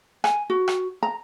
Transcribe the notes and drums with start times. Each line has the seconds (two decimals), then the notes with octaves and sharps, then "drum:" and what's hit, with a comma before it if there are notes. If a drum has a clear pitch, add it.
0.24 G#5, drum: rim click
0.50 F#4
0.68 drum: rim click
1.03 A#5